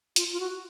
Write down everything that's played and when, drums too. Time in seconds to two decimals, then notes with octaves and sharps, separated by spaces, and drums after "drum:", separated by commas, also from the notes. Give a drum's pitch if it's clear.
0.16 F4, drum: hi-hat
0.32 F4
0.40 F#4